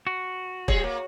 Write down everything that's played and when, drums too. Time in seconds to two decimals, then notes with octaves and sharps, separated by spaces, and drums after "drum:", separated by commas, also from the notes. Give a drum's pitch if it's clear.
0.07 F#4
0.68 G3 G#4 C#5, drum: kick
0.84 A#3